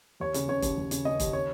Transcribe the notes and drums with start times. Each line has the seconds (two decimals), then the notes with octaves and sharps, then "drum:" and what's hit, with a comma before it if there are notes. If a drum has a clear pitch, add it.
0.20 D#2 C#5
0.34 C#3, drum: hi-hat
0.48 C#3 C#5
0.62 D#2, drum: kick, hi-hat
0.78 D#2
0.91 C#3, drum: hi-hat
1.05 C#3 D#5
1.20 D#2, drum: kick, hi-hat
1.33 C#5